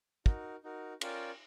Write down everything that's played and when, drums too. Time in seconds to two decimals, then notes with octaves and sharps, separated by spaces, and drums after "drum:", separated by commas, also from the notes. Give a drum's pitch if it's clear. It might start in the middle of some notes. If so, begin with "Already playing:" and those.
0.26 D#4 F#4 A#4, drum: kick
0.64 D#4 F#4 A#4
1.01 C#4 F4 A#4 D5 G5, drum: cymbal